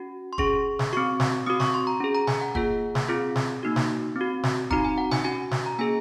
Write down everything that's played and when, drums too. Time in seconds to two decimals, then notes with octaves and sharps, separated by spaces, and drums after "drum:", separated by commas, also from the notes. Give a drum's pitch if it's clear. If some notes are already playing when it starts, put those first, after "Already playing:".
Already playing: C#4 F#4
0.33 C6
0.38 C#4 G#4 C#6, drum: kick
0.79 drum: snare
0.93 C4 F#4 C#6
1.20 drum: snare
1.46 C4 F#4 D#6
1.60 C#6, drum: snare
1.74 C6
1.87 A#5
2.00 C#4 G#4
2.15 A#5
2.27 G#5, drum: snare
2.41 F#5
2.55 A#3 F4 G#4 F#5, drum: kick
2.95 drum: snare
3.09 C4 F4 G#4
3.35 drum: snare
3.63 A#3 D#4 F#4
3.76 drum: snare
4.16 C4 F#4
4.43 drum: snare
4.71 C4 D#4 F#4 A#5, drum: kick
4.85 G#5
4.98 F#5
5.11 G#5, drum: snare
5.24 C#4 F#4 G#5
5.51 drum: snare
5.66 A#5
5.79 A#3 C#4 G#4 G#5